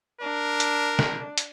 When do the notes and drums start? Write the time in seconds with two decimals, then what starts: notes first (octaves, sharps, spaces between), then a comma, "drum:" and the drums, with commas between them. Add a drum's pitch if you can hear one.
0.21 D4 A#4
0.60 drum: hi-hat
0.99 drum: snare
1.38 drum: hi-hat